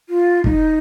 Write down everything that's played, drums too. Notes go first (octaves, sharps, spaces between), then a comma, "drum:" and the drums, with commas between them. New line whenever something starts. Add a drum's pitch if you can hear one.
F4
D#4, drum: kick